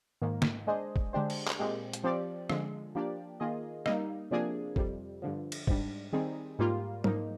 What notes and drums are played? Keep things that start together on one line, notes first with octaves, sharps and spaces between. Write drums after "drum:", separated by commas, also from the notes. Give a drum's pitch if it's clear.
G#2 D#3 A#3
drum: snare
G#3 D4 G#4 C5 D#5
drum: kick
D3 G#3 D4 G4 C5
drum: cymbal
drum: clap
A#2 G#3 C4 G4
drum: hi-hat
F3 C4 G4 D5
D3 F3 G#3, drum: rim click
F3 A#3 D4 G4 D5
D#3 A#3 F4 G#4 D#5
G3 A#3 D#4, drum: rim click
C3 F3 A#3 D4 G#4
F2 C3 G3, drum: kick
G2 D3 F3
drum: cymbal
G#2 G3 D4, drum: kick
D#3 G3 C4 D#4 G#4
G#2 G3 A#3 F4
G#2 F3 A#3 D#4, drum: tom F#3